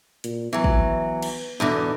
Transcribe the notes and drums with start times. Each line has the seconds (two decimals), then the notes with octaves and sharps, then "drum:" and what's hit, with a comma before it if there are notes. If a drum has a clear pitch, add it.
0.24 A#2, drum: hi-hat
0.53 E3 F#3 B3
0.64 drum: kick
1.22 drum: cymbal
1.60 E2 B2 D3